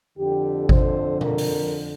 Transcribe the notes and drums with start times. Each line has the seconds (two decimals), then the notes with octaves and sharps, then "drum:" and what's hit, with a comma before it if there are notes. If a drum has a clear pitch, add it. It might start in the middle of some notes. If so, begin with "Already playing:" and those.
0.18 F2 D3 G4
0.69 C5, drum: kick G#1
1.21 A#4, drum: tom B2
1.38 drum: open hi-hat